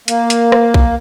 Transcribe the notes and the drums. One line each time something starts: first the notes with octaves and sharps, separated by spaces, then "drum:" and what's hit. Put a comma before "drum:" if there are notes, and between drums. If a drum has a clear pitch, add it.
A#3, drum: hi-hat
drum: hi-hat
drum: rim click
drum: kick B1